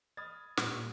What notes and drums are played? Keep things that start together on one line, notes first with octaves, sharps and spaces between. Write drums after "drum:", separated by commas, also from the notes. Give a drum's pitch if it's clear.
B5 D#6 F6 G#6 A6
D#1 A#2 G3 F#6, drum: snare